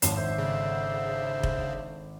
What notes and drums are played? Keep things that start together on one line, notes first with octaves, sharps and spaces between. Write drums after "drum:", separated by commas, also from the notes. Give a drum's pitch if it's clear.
G#1 F3 C#5 C7, drum: hi-hat
D3 C5 E5
C#3
drum: kick F1